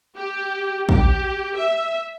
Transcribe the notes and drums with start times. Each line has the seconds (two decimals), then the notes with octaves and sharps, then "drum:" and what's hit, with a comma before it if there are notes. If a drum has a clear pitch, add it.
0.16 G4
0.89 G4, drum: kick
1.57 E5